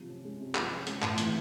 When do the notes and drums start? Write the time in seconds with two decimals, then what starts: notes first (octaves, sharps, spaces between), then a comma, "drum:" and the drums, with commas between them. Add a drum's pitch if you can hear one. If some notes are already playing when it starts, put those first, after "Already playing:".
Already playing: C3 F3
0.09 C#4
0.24 G#3
0.39 C3
0.55 F3, drum: clap
0.71 C#4
0.87 G#3, drum: hi-hat
1.02 A2, drum: clap
1.18 E3, drum: hi-hat